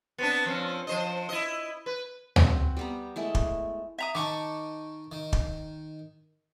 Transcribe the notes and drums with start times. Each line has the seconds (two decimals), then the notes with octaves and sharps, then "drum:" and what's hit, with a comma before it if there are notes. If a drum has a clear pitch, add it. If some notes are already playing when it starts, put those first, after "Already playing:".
0.18 B3 C4 D4
0.46 F3 C4 C#4
0.87 F3 C5 D#5
1.29 E4 D#5
1.86 B4
2.36 C4 F#4 B4, drum: tom
2.77 G3 B3 A#5
3.16 G#3 A3 E4
3.35 drum: kick
3.98 E5 A#5 D#6
4.15 D#3 D#4 A5 C#6 D6
5.12 D#3
5.33 drum: kick